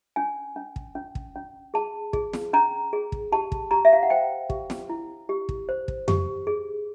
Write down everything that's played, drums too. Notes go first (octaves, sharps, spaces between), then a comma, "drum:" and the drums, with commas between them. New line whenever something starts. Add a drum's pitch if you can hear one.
C#4 G#5
C#4
drum: kick
C#4
drum: kick
C#4
G#4 A5
G#4, drum: kick
drum: snare
C#4 A#5
G#4
drum: kick
G4 A5
drum: kick
G4 A#5
E5
F5
F#5
C5 G5
G4, drum: kick
drum: snare
E4
G4
drum: kick
C5
drum: kick
G4, drum: tom F2
G#4